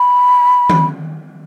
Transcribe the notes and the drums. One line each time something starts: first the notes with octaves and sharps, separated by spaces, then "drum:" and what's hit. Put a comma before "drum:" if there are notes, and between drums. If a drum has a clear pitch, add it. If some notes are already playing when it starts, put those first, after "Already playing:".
Already playing: B5
drum: tom D#3